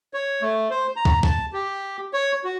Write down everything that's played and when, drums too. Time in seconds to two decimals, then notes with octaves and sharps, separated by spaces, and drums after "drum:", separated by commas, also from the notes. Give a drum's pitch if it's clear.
0.14 C#5
0.42 A3
0.70 C5
0.96 A#5
1.05 drum: kick
1.23 A5, drum: kick
1.53 G4
2.13 C#5
2.44 F#4